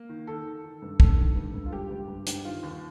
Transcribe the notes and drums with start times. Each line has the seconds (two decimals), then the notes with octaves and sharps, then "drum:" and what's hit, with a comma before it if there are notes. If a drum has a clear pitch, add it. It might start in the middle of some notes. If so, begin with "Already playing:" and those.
Already playing: A#3
0.09 D#3
0.27 D#3 A4
0.46 D#3
0.64 D#3
0.82 G2
1.00 G2 A4, drum: kick
1.18 D#3
1.36 G2
1.54 G2
1.66 F4
1.72 G2 G4
1.91 G2
2.08 G2
2.27 G2, drum: hi-hat
2.45 D#3 F4
2.63 D#2